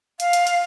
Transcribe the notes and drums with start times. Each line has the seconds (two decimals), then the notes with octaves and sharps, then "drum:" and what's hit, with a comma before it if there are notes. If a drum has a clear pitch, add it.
0.20 F5, drum: hi-hat
0.33 drum: hi-hat
0.47 drum: hi-hat